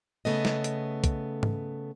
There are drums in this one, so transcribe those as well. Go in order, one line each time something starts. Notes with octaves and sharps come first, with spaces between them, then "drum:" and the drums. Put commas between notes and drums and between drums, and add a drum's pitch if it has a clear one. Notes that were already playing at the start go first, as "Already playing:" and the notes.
C#3 A3 B3 D#5
drum: snare
drum: hi-hat
drum: kick, hi-hat
drum: tom G#2